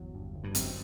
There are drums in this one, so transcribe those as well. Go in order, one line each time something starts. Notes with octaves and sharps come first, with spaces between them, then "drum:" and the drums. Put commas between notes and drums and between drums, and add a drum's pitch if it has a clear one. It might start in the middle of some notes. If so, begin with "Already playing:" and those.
Already playing: G1 E2 F#3
G2
G1
G2
F#2 C4, drum: hi-hat